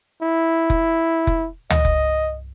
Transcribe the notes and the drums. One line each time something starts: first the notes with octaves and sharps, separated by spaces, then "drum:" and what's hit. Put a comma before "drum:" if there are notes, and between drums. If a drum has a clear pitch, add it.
E4
drum: kick F1
drum: kick F1
D#5, drum: tom C#2
drum: kick F1